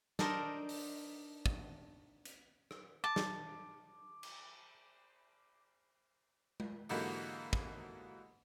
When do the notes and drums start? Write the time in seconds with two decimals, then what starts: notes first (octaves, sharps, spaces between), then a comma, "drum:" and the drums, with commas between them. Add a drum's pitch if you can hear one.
0.19 D4 D#4 A4 A#4 C5, drum: snare
0.69 drum: open hi-hat
1.46 drum: kick
2.25 drum: hi-hat
2.71 drum: rim click
3.04 A5 D6
3.16 drum: snare
4.23 drum: cymbal
6.60 drum: tom G#3
6.89 G#2 D3 E3 F#3 A#3 G4, drum: open hi-hat
7.53 drum: kick